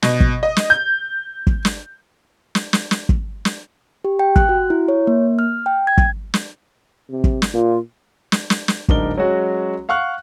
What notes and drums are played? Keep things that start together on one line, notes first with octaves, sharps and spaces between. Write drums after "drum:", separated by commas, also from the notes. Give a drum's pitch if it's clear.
B2, drum: snare
drum: kick
D#5
drum: snare
G6
drum: kick
drum: snare
drum: snare
drum: snare
drum: snare
drum: kick
drum: snare
G4
G5
F#6, drum: kick
F#4
E4
C#5
A#3
F6
G5
G#6
drum: kick
drum: snare
C3
drum: kick
drum: snare
A#2 F4
drum: snare
drum: snare
drum: snare
D1 G#2 D4 D#4 A#4 G7, drum: kick
F#3 G#3 C#4 F#4
F5 F#5 C#6 F6 F#6